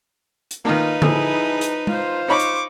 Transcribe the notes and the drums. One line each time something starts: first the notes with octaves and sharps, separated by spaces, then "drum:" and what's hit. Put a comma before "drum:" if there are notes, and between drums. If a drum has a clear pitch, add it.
drum: hi-hat
D#3 A#3 D#4 F4 B4
F3 E4 G#4 A4, drum: tom D3
drum: hi-hat
F4 C5, drum: tom G#3
D#4 C#5 B5 C#6 D6
drum: hi-hat